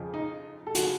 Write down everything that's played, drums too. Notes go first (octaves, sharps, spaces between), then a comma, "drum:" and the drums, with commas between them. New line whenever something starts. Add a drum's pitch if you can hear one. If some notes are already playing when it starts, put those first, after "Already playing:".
Already playing: F2 C#3 F3
D#4
A4
C#3 F3 F#4, drum: hi-hat